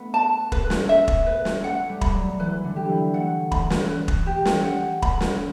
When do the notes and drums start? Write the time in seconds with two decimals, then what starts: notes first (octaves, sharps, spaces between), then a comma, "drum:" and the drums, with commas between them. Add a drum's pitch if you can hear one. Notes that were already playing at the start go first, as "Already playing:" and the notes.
Already playing: A3 B3 B4
0.14 A5
0.52 B4, drum: kick
0.70 drum: snare
0.89 E5
1.08 drum: kick
1.27 B4
1.45 drum: snare
1.63 A3 F#5
1.89 G3
2.01 B5, drum: kick
2.14 F#3
2.39 E3 B4
2.64 D3
2.76 G4
2.89 E3
3.14 A3 F#5
3.52 B5, drum: kick
3.70 drum: snare
3.89 B4
4.08 drum: kick
4.26 G4
4.45 drum: snare
4.64 F#5
5.02 B5, drum: kick
5.21 drum: snare